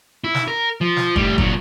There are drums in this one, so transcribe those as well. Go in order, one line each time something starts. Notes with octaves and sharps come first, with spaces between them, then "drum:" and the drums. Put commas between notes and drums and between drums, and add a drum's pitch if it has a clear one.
E4
drum: snare
A#4
F3
drum: snare
A2 G3, drum: kick
A#2 F#3, drum: kick